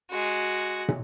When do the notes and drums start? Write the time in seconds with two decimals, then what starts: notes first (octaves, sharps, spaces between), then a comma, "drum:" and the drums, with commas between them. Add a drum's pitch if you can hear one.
0.11 G#3 F#4
0.89 drum: tom